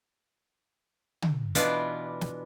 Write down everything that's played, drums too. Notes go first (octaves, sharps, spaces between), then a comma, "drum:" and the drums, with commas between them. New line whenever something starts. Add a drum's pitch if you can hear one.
drum: tom
B2 E3 B3 D4 F4 D5, drum: hi-hat
drum: snare